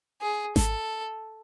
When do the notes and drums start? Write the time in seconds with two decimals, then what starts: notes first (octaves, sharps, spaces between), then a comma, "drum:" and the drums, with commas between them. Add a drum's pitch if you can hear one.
0.21 G#4
0.56 A4, drum: snare G#1